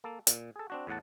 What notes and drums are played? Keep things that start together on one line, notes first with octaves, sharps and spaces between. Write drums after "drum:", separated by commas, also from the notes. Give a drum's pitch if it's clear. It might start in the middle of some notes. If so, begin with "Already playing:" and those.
A#3 A4
A#2, drum: hi-hat
G#4 A4
C4 D4 F#4
E2 A2 F#5 A5